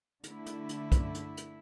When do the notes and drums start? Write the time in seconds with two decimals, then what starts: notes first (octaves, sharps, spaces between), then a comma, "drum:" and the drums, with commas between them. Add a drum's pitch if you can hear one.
0.24 D3 A3 E4, drum: hi-hat
0.46 drum: hi-hat
0.69 drum: hi-hat
0.92 drum: kick, hi-hat
1.14 drum: hi-hat
1.37 drum: hi-hat